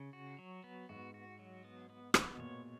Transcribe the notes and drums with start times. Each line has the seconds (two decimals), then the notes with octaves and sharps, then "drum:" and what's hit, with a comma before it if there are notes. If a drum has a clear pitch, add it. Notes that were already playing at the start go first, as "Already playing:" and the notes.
Already playing: C#3
0.13 F#4
0.39 F#3
0.64 B3
0.89 G#2 F#4
1.14 F#4
1.39 F#3
1.65 B3
1.90 B3
2.14 B3, drum: rim click
2.34 B2
2.39 A#2 C#5